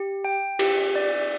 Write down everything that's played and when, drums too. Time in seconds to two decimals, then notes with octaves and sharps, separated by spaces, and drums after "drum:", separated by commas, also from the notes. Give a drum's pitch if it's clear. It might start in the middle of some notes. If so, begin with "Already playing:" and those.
Already playing: G4
0.25 G5
0.59 G4, drum: cymbal
0.96 D5